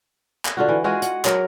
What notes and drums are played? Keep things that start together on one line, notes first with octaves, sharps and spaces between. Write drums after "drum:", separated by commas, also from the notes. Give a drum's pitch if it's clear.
drum: clap
D3 F4 F#4
E3
G#3 F4 F#4 G#4
F#5, drum: hi-hat
F#3 A#4, drum: clap